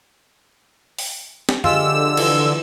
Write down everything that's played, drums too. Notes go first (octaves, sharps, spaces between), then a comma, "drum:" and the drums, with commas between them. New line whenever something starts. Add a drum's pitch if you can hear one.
drum: open hi-hat
drum: snare
D3 F3 G#3 F4 G4 E6, drum: tom F#2
E3 F3, drum: cymbal